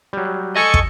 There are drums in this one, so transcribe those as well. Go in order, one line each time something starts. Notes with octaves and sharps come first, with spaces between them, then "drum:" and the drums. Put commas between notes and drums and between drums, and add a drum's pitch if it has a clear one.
F#3 G3
A4 D#5 G#5 C#6
drum: kick